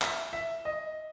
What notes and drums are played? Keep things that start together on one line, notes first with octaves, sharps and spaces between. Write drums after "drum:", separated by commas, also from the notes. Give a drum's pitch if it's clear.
E5, drum: clap
E5
D#5